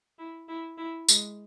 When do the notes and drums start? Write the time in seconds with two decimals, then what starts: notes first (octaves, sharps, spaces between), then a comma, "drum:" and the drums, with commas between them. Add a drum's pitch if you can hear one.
0.19 E4
0.49 E4
0.78 E4
1.09 G#3, drum: tambourine